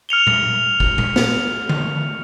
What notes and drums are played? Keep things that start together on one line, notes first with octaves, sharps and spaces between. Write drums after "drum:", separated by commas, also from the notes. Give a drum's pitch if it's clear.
F6 C#7 F7 G7
drum: tom A#2
drum: kick
drum: tom A#2
drum: snare
drum: tom D3